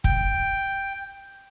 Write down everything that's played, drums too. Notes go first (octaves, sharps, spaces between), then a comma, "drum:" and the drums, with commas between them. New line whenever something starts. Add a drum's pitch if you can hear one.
G5, drum: kick